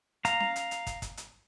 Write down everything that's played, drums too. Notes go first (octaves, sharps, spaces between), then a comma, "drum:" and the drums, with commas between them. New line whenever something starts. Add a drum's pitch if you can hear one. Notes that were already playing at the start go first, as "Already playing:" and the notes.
F5 A#5, drum: hi-hat
drum: snare C#4
drum: hi-hat
drum: hi-hat
drum: kick, hi-hat
drum: kick, hi-hat
drum: hi-hat